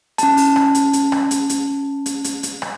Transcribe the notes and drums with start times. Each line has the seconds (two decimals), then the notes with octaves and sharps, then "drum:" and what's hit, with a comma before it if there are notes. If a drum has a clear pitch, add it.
0.18 C#4 A5, drum: hi-hat
0.37 drum: open hi-hat
0.56 drum: rim click
0.75 drum: hi-hat
0.93 drum: hi-hat
1.12 drum: rim click
1.31 drum: hi-hat
1.50 drum: hi-hat
2.06 drum: hi-hat
2.24 drum: hi-hat
2.43 drum: hi-hat
2.62 drum: rim click